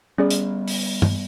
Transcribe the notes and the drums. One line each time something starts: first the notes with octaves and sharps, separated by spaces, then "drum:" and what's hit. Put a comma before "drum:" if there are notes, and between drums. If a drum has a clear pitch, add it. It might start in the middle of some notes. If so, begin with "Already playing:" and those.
G3 B3 C#4 G#4 D5
drum: hi-hat
drum: open hi-hat
drum: tom